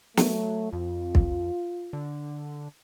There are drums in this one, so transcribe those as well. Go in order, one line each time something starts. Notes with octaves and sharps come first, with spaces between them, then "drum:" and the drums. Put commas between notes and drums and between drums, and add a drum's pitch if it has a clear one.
F#3 A3, drum: snare
F2 F4
drum: kick
D3